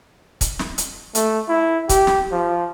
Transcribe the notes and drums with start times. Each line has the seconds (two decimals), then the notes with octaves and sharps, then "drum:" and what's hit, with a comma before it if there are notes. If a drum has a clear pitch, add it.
0.41 drum: kick, hi-hat
0.59 drum: snare
0.78 drum: hi-hat
1.15 A3, drum: hi-hat
1.48 E4
1.89 G4, drum: kick, hi-hat
2.07 drum: snare
2.32 F3